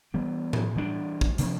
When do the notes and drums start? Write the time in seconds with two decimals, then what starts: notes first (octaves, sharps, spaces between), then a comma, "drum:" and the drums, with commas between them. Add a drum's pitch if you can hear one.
0.14 E3 G3 B3 D4
0.53 drum: tom A2
0.76 E3 G3 B3 D4
1.21 drum: kick
1.38 C3 F3 A#3 D4, drum: hi-hat